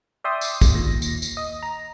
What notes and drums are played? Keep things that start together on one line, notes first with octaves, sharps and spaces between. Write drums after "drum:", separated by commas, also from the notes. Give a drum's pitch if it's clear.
D5 E5 G5 C6 D#6
drum: tambourine
drum: kick, tambourine
D#2 A#2 A#6
drum: tambourine
drum: tambourine
D#5
A#5